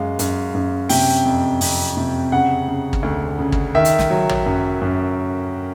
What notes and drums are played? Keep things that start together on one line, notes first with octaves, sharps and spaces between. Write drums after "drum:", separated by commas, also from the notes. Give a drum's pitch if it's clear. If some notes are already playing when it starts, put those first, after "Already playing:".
Already playing: F#2 G#3 F5
F#2, drum: hi-hat
F#2
C3 G5, drum: open hi-hat
F2
F2, drum: open hi-hat
C3
C#3 F#5
C#3
drum: kick
D2
C#3
drum: kick
D#3 E5
drum: hi-hat
drum: snare
F#3
drum: tom
F#2
F#2